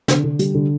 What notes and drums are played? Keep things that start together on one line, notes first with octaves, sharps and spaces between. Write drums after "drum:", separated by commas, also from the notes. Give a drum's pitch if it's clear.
D3, drum: snare
D3
G3, drum: hi-hat
D3